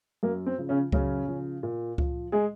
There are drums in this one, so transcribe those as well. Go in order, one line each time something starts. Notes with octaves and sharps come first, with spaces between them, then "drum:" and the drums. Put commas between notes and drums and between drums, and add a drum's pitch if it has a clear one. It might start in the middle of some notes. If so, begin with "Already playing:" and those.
F#2 A#3
C4
C#3 F3
C#3 C#4
F#2 C#3 C#4, drum: kick C#2
C#3 F3
A#2
F3, drum: kick C#2
G#3 G#4